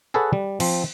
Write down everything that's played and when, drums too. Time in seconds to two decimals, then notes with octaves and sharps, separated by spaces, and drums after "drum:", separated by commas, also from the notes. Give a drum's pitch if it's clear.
0.14 G#4 A4 B4 C#5 F#5
0.33 G3
0.60 F3 C4, drum: cymbal